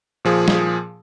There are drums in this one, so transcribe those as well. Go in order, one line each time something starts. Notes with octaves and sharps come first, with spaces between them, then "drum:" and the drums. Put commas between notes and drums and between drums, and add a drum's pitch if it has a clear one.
A#2 F3 G#4
drum: snare